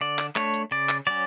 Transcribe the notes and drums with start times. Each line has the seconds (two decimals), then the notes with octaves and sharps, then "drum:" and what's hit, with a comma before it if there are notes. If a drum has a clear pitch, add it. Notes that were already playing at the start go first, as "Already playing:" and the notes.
0.01 D3 D5
0.19 drum: clap
0.36 A3 D4 C#5, drum: clap
0.54 drum: hi-hat
0.71 C#3 D5
0.89 drum: clap
1.07 F#3 C#4 D5